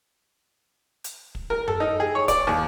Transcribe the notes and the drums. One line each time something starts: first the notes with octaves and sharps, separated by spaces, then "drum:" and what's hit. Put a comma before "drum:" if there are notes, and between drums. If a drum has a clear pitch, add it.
drum: hi-hat
drum: kick
A#4
A4, drum: tom F#2
D#4
G#4
C#5
D5, drum: kick, hi-hat
D#2